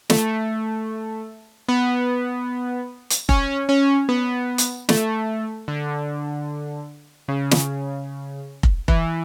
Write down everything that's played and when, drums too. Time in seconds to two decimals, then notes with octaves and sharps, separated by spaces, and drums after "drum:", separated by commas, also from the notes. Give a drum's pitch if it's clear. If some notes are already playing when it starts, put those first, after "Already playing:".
0.10 A3, drum: snare
1.69 B3
3.10 drum: hi-hat
3.29 C#4, drum: kick F1
3.69 C#4
4.09 B3
4.58 drum: hi-hat
4.89 A3, drum: snare
5.68 D3
7.28 C#3
7.51 drum: snare
8.63 drum: kick F1
8.88 E3, drum: kick F1